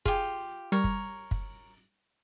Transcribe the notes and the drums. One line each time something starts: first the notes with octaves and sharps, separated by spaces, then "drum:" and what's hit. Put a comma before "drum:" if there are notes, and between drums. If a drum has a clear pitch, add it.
F4 G4 G#4, drum: kick
G3 A#4 C#5
drum: kick
drum: kick